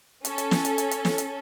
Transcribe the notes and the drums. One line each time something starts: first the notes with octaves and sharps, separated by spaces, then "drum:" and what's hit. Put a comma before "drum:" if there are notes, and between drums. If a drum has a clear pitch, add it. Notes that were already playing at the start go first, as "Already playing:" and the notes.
C#4 A4, drum: hi-hat
drum: hi-hat
drum: snare
drum: hi-hat
drum: hi-hat
drum: hi-hat
drum: snare
drum: hi-hat